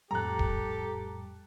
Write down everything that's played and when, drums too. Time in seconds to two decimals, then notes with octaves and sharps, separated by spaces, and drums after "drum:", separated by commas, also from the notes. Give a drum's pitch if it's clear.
0.11 F2 A2 G3 G4 A4 A#5 F#6
0.39 drum: kick D1